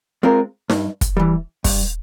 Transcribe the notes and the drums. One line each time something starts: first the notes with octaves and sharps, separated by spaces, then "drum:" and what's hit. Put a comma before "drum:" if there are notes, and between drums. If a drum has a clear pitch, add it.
G#3 C4 F4 A#4
G2, drum: snare D#4
drum: kick, hi-hat
E3 G3
G2, drum: kick, open hi-hat